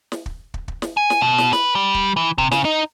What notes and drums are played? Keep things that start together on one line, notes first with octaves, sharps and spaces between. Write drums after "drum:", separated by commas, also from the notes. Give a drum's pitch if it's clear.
drum: snare
drum: kick
drum: kick
drum: kick
drum: snare
G#5
drum: snare
B2
drum: snare
B4, drum: snare
G3
drum: kick
E3
C3, drum: kick
C#3, drum: snare
D#4